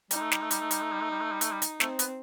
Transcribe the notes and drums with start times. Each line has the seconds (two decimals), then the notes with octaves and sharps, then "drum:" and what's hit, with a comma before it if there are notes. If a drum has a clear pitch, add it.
0.11 G3 D#4, drum: hi-hat
0.21 A3
0.31 G3, drum: snare
0.42 A3
0.51 G3, drum: hi-hat
0.61 A3
0.71 G3, drum: hi-hat
0.81 A3
0.92 G3
1.01 A3
1.11 G3
1.21 A3
1.31 G3
1.41 A3, drum: hi-hat
1.51 G3
1.62 drum: hi-hat
1.80 A3 C4, drum: snare
1.99 B3, drum: hi-hat